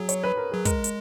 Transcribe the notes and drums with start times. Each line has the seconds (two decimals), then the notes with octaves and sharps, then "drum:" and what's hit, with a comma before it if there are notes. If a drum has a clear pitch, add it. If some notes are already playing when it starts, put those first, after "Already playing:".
Already playing: F#3 F#4 G#4
0.09 C#5, drum: hi-hat
0.24 B4
0.37 A#4
0.52 F#3 G#4
0.65 G#3 A#4, drum: kick, hi-hat
0.84 drum: hi-hat